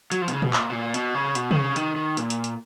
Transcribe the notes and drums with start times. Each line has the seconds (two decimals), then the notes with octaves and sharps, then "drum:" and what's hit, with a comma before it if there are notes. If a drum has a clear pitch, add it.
0.12 F#3, drum: hi-hat
0.22 F3
0.28 B2, drum: hi-hat
0.33 C#3
0.42 B2, drum: tom A#2
0.53 A#2, drum: clap
0.70 B2
0.73 A#2
0.94 B2, drum: hi-hat
1.15 C#3
1.35 B2, drum: hi-hat
1.51 D#3, drum: tom C3
1.55 C#3
1.76 D#3, drum: hi-hat
1.96 D#3
2.17 A#2, drum: hi-hat
2.30 drum: hi-hat
2.44 drum: hi-hat